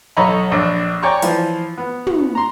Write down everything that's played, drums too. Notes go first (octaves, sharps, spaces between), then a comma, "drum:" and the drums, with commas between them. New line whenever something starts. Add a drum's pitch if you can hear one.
B1 A4 C#5 D#5 A#5 B5
A#1 D4
C#5 D5 G5 G#5 A#5 C#6
E3 F3 F4, drum: hi-hat
B3
drum: tom
A#5 C6